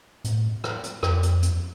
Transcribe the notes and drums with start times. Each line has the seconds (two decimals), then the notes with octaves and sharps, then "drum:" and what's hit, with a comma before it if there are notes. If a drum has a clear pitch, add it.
0.24 A2, drum: hi-hat
0.64 drum: rim click
0.84 drum: hi-hat
1.03 F2, drum: rim click
1.23 drum: hi-hat
1.43 drum: hi-hat